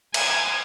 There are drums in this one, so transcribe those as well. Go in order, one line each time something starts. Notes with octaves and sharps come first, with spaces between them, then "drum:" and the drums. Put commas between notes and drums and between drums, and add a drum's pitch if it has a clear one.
G#5, drum: cymbal